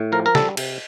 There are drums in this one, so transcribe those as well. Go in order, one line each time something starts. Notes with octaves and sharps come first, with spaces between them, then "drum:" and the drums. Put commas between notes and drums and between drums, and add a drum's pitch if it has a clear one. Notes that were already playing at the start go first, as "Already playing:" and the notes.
Already playing: A2
F3 A#4
A#4
G3 A4, drum: snare
C3, drum: cymbal